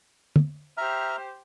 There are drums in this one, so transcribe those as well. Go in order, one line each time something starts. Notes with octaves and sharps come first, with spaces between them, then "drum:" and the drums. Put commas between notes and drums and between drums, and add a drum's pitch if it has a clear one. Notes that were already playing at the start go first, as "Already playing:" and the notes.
drum: tom
G4 C5 E5 A#5 F6